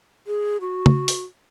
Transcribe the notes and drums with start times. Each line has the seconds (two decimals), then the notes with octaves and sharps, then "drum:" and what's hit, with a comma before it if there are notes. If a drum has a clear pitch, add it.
0.27 G#4
0.61 F#4
0.86 drum: tom C#3
1.08 drum: open hi-hat